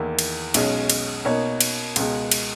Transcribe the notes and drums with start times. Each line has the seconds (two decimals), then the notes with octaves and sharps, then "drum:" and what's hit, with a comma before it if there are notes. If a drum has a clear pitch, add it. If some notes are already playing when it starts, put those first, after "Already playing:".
Already playing: E2 D#3 A#3 E4
0.19 drum: cymbal
0.54 B1 B2 G#3 C#4, drum: cymbal
0.90 drum: cymbal
1.24 B2 A#3 D#4 A#4 C#5
1.61 drum: cymbal
1.96 C#2 B2 G#3, drum: cymbal
2.31 drum: cymbal